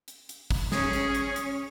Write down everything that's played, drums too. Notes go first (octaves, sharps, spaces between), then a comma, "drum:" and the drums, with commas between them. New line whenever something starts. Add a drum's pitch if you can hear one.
drum: hi-hat
drum: hi-hat
drum: kick, open hi-hat
C#4 G#4 C#5, drum: snare
drum: hi-hat
drum: hi-hat
drum: hi-hat